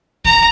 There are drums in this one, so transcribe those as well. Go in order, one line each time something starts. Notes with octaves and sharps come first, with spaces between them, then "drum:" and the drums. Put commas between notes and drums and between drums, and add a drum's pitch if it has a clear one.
A#5, drum: kick D#2